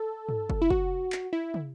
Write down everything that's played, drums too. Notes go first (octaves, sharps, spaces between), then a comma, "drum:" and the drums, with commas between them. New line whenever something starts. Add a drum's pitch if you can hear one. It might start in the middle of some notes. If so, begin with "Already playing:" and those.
Already playing: A4
drum: tom
drum: kick
E4
F#4, drum: kick
drum: clap
E4
drum: tom